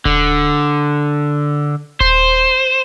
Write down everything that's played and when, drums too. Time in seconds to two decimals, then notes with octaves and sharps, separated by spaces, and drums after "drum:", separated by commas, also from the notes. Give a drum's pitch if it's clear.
0.05 D3, drum: kick D#1
2.00 C5, drum: kick D#1